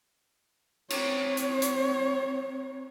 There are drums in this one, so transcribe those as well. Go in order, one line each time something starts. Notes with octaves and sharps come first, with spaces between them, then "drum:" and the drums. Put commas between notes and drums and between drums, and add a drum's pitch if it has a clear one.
C4 C#5, drum: cymbal
drum: hi-hat
drum: hi-hat